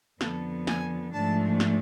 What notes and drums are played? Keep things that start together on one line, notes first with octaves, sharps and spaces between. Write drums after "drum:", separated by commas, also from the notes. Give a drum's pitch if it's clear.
F2 D3 F3 B3 A4, drum: snare
G#5, drum: snare
G#2 F3 A3 D4 A5
drum: snare